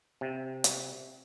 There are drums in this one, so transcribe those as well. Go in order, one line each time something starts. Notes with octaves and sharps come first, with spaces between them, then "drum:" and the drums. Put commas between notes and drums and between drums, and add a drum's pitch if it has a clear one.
C3
drum: hi-hat